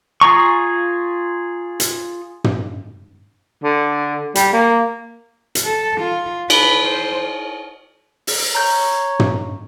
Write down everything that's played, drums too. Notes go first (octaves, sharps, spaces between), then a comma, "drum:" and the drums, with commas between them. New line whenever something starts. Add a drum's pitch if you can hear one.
F4 G#4 A#5 C#6
drum: hi-hat
drum: tom
D3
G3, drum: hi-hat
A#3
drum: hi-hat
A4
F4
B4, drum: cymbal
C5
drum: open hi-hat
C#5 A#5 G6
drum: tom